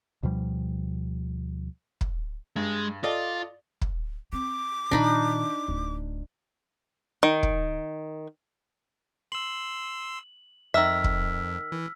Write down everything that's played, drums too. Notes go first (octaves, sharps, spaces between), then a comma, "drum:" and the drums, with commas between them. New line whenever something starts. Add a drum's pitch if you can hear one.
D2 B2 F3 G3
drum: kick
G2 G#3
F4 A4 D5 D#5
drum: kick
C4 D6
A#2 D#3 D4 D#4 B5
D1
D#3
drum: kick
C6 E6 F#7
F2 D#3 E5 E6 F6 B6
drum: kick
E3